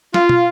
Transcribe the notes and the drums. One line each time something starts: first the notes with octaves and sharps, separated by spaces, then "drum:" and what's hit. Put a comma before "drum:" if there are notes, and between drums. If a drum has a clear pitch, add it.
F4, drum: snare
drum: tom